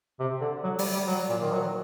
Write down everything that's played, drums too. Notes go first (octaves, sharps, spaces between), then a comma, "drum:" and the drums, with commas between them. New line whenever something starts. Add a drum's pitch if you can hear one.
C3
D3
F#3
G3, drum: open hi-hat
G3
F#3
A#2
D#3
F#3